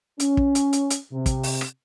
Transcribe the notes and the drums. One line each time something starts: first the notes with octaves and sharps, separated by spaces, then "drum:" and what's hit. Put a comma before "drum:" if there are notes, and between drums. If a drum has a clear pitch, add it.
C#4, drum: hi-hat
drum: kick
drum: hi-hat
drum: hi-hat
drum: hi-hat
C3
drum: kick, hi-hat
drum: open hi-hat
drum: rim click